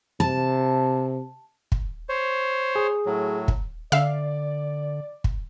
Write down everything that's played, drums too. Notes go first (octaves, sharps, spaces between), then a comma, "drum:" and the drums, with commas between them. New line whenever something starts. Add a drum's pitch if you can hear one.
C3 A5
drum: kick
C5 C#5
G#4
A2 F#3
drum: kick
D3 D5 E5 F5
drum: kick